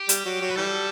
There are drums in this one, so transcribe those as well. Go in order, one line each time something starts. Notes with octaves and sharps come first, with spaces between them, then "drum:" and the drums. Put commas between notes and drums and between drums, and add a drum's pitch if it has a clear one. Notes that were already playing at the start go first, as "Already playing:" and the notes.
Already playing: G4
G3, drum: hi-hat
F#3
F#3
B4
E3 G3 A4